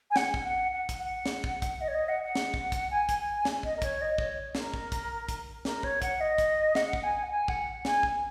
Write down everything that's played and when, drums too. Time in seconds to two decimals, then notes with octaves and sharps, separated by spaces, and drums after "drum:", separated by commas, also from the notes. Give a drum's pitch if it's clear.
0.10 G#5
0.16 F#5, drum: snare
0.34 drum: kick
0.44 F#5
0.71 F#5
0.89 drum: kick, hi-hat
0.98 F#5
1.26 drum: snare
1.44 drum: kick
1.62 drum: kick, hi-hat
1.80 D#5
1.87 C#5
1.94 D#5
2.08 F#5
2.22 F#5
2.35 drum: snare
2.54 drum: kick
2.72 drum: kick, hi-hat
2.90 G#5
3.09 drum: kick, hi-hat
3.18 G#5
3.45 drum: snare
3.63 D#5, drum: kick
3.76 A#4
3.82 C#5, drum: kick, hi-hat
4.01 D#5
4.18 C#5, drum: kick
4.55 A#4, drum: snare
4.74 drum: kick
4.92 drum: kick, hi-hat
5.28 drum: kick, hi-hat
5.65 A#4, drum: snare
5.83 C#5, drum: kick
6.02 F#5, drum: kick, hi-hat
6.20 D#5
6.38 drum: kick, hi-hat
6.75 F#5, drum: snare
6.93 drum: kick
7.03 G#5
7.23 F#5
7.30 G#5
7.48 F#5, drum: kick
7.85 G#5, drum: snare
8.03 drum: kick